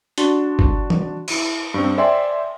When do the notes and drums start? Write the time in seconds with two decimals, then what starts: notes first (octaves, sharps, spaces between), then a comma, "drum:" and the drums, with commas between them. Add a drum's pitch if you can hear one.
0.18 D4 F#4 C6, drum: hi-hat
0.59 drum: kick G1
0.90 drum: tom E3
1.28 E4 D#7, drum: cymbal
1.74 G2 C4
1.98 C5 D5 E5 G5 G#5 C6